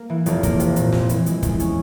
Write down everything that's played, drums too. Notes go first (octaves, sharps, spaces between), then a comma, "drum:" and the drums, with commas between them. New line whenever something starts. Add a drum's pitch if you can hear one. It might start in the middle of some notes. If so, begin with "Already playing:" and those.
Already playing: A#3
E3
F1, drum: hi-hat
A#3, drum: kick, hi-hat
C3, drum: hi-hat
A#2, drum: hi-hat
A#2, drum: snare
E3, drum: hi-hat
G#3, drum: hi-hat
E2, drum: kick, hi-hat
C#4, drum: hi-hat